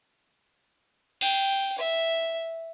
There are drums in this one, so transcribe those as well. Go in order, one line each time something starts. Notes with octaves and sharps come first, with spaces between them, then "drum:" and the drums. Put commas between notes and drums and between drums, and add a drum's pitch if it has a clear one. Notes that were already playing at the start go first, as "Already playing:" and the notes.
G5, drum: cymbal
E5